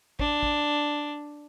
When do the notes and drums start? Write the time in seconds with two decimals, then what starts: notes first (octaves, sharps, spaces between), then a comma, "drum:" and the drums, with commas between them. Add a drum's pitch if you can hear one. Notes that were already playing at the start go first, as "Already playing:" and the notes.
0.19 D4, drum: kick
0.43 drum: kick